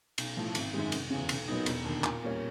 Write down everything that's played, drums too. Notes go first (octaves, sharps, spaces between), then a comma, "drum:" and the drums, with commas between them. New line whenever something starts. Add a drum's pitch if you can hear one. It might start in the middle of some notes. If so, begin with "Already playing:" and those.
B1, drum: cymbal
A2 F3 A3
G#1, drum: cymbal
F#2 D#3 G#3
F1, drum: cymbal
E2 C#3
B1, drum: cymbal
A#2 F#3 B3 D#4
E1, drum: cymbal
D#2 D3
A#2, drum: clap
G3 A#3 C#4